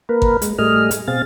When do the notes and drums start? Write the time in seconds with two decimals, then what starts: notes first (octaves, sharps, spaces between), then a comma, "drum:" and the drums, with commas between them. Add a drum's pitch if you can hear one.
0.09 A#3 A#4 B4
0.22 drum: kick G#1
0.42 G#3, drum: hi-hat
0.58 A2 G3 A3 G#4 D#5 F6
0.91 drum: hi-hat
1.08 B2 C4 G#4 F5 A6